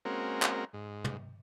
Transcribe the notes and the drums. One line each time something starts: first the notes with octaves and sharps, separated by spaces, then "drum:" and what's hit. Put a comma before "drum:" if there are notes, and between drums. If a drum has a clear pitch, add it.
G#3 A#3 C4 C#4 F#4 A#4
drum: clap
G#2
drum: tom